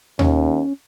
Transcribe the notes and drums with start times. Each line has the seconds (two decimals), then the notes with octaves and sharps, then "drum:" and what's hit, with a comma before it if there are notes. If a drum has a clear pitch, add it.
0.19 D#2 C#4, drum: tom D#2